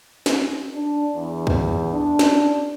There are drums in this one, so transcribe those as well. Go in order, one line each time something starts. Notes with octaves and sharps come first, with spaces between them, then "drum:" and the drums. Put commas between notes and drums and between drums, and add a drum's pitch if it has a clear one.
drum: snare
D4
E2
drum: kick C#2
D4
drum: snare